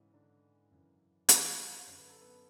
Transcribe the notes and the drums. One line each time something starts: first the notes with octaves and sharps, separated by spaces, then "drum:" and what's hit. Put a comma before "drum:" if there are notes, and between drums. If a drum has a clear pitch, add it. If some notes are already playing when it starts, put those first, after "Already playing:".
Already playing: G#2 C#3 E3 C#4
D3 D4
F#2 C#3 E3
E3 E4, drum: hi-hat
F#2 D3 C#5
B4
A4
B3 B4